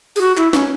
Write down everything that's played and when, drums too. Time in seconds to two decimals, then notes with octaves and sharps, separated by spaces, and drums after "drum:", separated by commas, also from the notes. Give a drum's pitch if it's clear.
0.16 G#4, drum: open hi-hat
0.21 F#4
0.37 E4, drum: clap
0.53 C#4, drum: snare